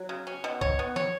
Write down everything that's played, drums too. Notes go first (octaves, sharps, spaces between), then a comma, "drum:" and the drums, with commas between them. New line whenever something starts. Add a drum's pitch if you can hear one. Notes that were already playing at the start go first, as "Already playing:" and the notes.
Already playing: F#3
C#3
C#4
B2
C#5, drum: kick
B3
C#5, drum: snare